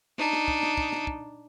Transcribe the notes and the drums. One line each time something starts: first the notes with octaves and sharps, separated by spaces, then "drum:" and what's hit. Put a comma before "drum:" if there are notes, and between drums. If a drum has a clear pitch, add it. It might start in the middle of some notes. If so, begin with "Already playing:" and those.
D4 D#4, drum: snare
drum: snare
drum: kick
drum: snare
drum: kick
drum: snare
drum: kick